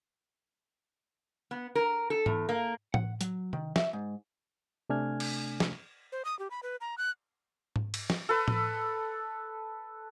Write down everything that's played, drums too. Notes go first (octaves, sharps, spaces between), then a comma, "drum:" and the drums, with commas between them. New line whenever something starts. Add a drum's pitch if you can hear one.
B3
A#4
A4
E2, drum: tom G#2
A#3
F#5, drum: tom A2
F#3, drum: hi-hat
D#3, drum: tom C3
E5, drum: snare
G#2
C3 A3 D4 G#5 F6 G#6
drum: cymbal
drum: snare
C5
D#6
G4
B5
B4
A#5
F#6
drum: tom G#2
drum: cymbal
drum: snare
A4 B4
drum: tom A2